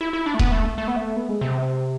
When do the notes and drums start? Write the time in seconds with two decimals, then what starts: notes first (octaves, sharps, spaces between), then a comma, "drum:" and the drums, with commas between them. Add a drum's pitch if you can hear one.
0.01 E4
0.13 E4
0.26 D4
0.34 A3
0.39 B3, drum: kick D#1
0.52 A3
0.78 A3
0.87 B3
0.96 A3
1.16 B3
1.29 G#3
1.41 C3